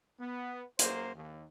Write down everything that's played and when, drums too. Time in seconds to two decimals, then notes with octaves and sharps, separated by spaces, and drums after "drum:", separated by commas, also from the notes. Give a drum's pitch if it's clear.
0.20 B3
0.79 F#2 A#3 C5, drum: hi-hat
1.15 D#2